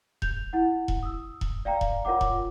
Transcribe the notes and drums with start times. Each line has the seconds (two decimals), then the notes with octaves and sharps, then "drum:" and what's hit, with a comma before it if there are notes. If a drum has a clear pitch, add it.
0.22 G6 F7, drum: kick E1
0.53 E4 F#5
0.88 drum: kick E1
1.03 D#6 E6
1.41 drum: kick E1
1.65 D5 F5 G5 A#5
1.81 drum: kick E1
2.05 F4 A#4 C#5 F#5 D6
2.21 drum: kick E1